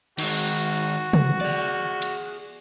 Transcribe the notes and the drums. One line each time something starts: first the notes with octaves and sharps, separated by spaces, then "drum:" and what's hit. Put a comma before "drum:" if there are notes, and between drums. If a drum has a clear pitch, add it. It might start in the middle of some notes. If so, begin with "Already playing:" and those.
D#3 G#3 F#4, drum: cymbal
drum: tom C3
G#4 D5
drum: cymbal